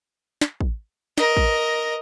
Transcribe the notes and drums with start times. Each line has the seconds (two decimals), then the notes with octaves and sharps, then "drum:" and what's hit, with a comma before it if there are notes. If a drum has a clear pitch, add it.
0.41 drum: snare
0.60 drum: kick
1.18 A#4 D#5, drum: snare
1.37 drum: kick